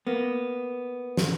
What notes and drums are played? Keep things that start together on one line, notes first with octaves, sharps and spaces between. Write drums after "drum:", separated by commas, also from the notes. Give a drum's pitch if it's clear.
A#3 B3
drum: snare